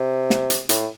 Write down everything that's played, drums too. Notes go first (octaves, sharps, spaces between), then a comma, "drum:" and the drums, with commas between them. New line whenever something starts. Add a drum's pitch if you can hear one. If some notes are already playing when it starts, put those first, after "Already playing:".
Already playing: C3
drum: snare
drum: hi-hat
A2, drum: hi-hat